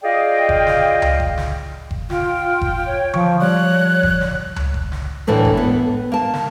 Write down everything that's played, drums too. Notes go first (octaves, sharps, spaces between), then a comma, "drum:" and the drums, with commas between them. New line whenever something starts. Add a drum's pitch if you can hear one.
F4 G#4 D5 D#5 F5 G5
drum: kick F#1
drum: snare
drum: tom C#2
drum: kick F#1
drum: snare
drum: kick F#1
F4 G5, drum: snare
drum: kick F#1
C#5
F3 C#6, drum: tom D3
F3 G3 C#5 D5 F#6
drum: kick F#1
drum: snare
drum: tom C#2
drum: kick F#1
drum: snare
A2 D3 E3 A3 A#3
drum: kick F#1
B3
A#3 A5
drum: snare